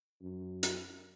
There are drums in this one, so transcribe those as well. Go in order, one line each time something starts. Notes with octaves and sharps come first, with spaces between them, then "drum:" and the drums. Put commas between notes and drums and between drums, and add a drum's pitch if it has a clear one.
F#2
drum: hi-hat